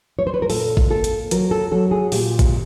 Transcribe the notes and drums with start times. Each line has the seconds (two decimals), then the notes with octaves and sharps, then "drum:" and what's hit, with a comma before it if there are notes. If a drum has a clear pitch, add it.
0.19 C#5
0.27 C5
0.34 B4
0.42 A#4
0.50 A#2 A4, drum: open hi-hat
0.77 drum: kick G#1
0.90 A#3 A4
1.04 drum: hi-hat
1.31 F#3 A#4, drum: hi-hat
1.51 A4
1.72 F#3 A4
1.91 G#4
2.12 A#2 G4, drum: open hi-hat
2.39 drum: kick G#1, hi-hat